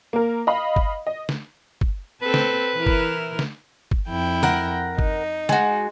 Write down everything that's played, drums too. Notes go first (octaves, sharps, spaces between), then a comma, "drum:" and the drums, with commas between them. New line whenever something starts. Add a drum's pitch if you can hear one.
A#3 A#4
D#5 F5 B5
drum: kick G1
D#5
drum: snare
drum: kick G1
C4 A4 B4
drum: snare
E3 E4 A#4
drum: kick G1
drum: snare
drum: kick G1
F2 E4 G5
A#4 F#5, drum: snare
D#4, drum: kick G1
G#3 F#4, drum: snare